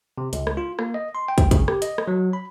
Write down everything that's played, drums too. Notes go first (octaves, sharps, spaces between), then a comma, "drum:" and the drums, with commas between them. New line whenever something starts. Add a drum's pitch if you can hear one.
C3
C#2, drum: hi-hat
drum: rim click
F4
A#3, drum: rim click
D#5
C6
G5
drum: kick, hi-hat
C#3, drum: kick, hi-hat
G4, drum: rim click
D#5, drum: hi-hat
drum: rim click
F#3
B5